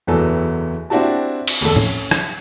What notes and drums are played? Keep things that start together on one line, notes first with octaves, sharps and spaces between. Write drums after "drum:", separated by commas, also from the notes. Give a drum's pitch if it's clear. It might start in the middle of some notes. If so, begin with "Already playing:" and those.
F#1 E2 E3 F#3 B3 A4
C4 D4 E4 F#4 G4 A5
drum: cymbal
F1 D#2 A4, drum: open hi-hat
C#4, drum: tom A2
drum: rim click